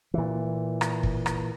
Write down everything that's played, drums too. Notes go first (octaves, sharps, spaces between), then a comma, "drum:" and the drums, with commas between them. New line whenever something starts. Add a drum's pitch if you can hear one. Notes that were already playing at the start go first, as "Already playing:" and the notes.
A#2 E3
drum: rim click
drum: kick
drum: rim click